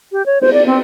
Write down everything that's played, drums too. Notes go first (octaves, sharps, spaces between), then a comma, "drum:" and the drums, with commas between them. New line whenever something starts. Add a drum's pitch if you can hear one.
G4
C#5
C5, drum: cymbal
D5
C4